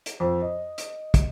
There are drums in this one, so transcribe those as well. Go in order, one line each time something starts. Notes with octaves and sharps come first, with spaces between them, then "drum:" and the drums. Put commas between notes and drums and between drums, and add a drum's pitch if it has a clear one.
drum: hi-hat
F2
D#5
drum: hi-hat
drum: kick, hi-hat